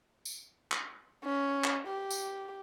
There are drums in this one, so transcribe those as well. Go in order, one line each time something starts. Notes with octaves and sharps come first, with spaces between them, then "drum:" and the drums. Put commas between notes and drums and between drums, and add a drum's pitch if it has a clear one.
drum: tambourine
drum: clap
C#4
drum: clap
G4
drum: tambourine